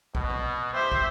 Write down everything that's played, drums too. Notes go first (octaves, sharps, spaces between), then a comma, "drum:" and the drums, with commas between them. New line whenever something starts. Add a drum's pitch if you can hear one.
B2, drum: kick
drum: tom A#2
G4 C5 E5
drum: kick